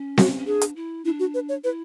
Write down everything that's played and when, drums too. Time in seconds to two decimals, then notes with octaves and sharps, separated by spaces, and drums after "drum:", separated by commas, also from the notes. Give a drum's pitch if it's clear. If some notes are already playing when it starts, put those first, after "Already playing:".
Already playing: C#4
0.18 F#4, drum: snare C4
0.38 C#4
0.46 D4 G#4
0.61 drum: hi-hat
0.76 E4
1.05 D4 E4
1.19 F#4
1.34 B4
1.49 C#5
1.64 E4 B4